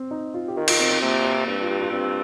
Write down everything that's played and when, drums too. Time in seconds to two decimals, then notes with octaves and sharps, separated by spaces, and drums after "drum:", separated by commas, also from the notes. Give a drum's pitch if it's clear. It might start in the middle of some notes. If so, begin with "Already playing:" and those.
Already playing: C4
0.11 D#4
0.34 F4
0.48 G4
0.57 D#3 F4
0.68 F4, drum: cymbal
0.79 C4
0.90 C4
1.01 C3 A#3
1.24 C4
1.47 G2 C4
1.62 F4
1.70 G4
1.81 F4
1.92 G2 C4